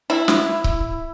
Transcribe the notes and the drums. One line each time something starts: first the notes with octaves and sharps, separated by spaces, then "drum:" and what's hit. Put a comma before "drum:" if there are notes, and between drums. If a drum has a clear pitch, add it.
E4
drum: snare
drum: kick C#1